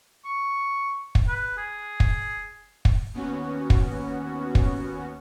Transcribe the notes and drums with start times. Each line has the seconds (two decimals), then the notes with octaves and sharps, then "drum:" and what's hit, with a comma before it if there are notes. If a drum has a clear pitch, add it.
0.25 C#6
1.15 drum: kick
1.28 B4
1.58 G#4
2.00 drum: kick
2.85 drum: kick
3.13 D#2 B3 C#4 F#4
3.70 drum: kick
4.55 drum: kick